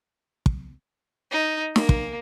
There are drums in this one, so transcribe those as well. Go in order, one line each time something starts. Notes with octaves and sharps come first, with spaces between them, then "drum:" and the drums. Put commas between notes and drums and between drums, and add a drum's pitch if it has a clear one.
drum: kick
D#4
A#3, drum: snare
drum: kick